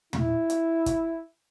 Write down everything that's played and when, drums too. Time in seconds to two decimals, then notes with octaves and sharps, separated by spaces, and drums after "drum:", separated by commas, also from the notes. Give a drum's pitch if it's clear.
0.13 E4, drum: tom
0.50 drum: hi-hat
0.86 drum: kick, hi-hat